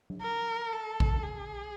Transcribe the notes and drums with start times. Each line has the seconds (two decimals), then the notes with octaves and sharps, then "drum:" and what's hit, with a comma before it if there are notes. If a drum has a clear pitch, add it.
0.10 drum: tom F#3
0.22 A#4
0.73 A4
1.00 drum: kick A1
1.23 G#4